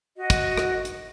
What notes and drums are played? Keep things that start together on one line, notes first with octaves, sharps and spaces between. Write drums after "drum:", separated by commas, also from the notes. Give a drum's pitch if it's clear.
F#4 D#5
drum: kick, hi-hat
drum: rim click
drum: hi-hat